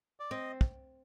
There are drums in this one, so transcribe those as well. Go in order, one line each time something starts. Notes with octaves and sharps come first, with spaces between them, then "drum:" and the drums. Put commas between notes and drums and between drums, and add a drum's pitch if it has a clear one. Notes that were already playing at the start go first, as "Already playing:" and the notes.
D5
C4 D#5
drum: kick